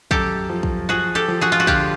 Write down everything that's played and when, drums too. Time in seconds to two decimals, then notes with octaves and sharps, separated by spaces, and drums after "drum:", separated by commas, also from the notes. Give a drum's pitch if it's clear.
0.11 F#2 G4 A4, drum: kick
0.49 F3
0.63 drum: kick
0.89 F3 F#4 G#4
1.15 G4 A4
1.28 F3
1.41 F#4 G#4
1.52 F4
1.60 F#4
1.67 D3 F4 G4, drum: kick